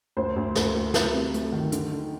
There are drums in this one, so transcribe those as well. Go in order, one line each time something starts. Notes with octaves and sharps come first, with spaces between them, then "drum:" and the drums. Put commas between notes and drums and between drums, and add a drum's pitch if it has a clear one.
D2 C5
D2
D2 A4, drum: snare
D2
A3, drum: snare
C3
A3, drum: hi-hat
D#3
D3, drum: hi-hat
D3